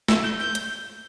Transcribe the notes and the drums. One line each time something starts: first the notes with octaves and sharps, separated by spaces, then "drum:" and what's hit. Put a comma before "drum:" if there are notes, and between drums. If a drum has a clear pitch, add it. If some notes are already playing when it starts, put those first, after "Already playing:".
E6, drum: snare
G6
G6
drum: hi-hat